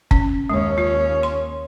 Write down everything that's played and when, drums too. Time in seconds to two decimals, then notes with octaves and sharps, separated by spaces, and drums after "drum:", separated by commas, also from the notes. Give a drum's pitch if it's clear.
0.11 C#4, drum: kick F#1
0.49 D#2 G#3 C#4
0.78 F4
1.23 C6